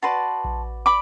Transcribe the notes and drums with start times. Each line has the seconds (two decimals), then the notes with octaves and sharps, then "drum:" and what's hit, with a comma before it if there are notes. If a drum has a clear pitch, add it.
0.02 F#4 B4 D5 A5 C6
0.44 drum: kick A#1
0.86 D5 B5 D6